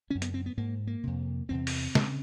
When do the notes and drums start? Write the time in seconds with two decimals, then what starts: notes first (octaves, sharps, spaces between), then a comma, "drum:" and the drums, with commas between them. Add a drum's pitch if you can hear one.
0.10 F#2 C#3 C#4
0.22 B3, drum: hi-hat
0.34 C4
0.46 B3
0.57 G#2 A#3
0.87 A#3
1.03 F2 C3
1.49 E2 C3 C4
1.67 drum: open hi-hat
1.95 C#3, drum: snare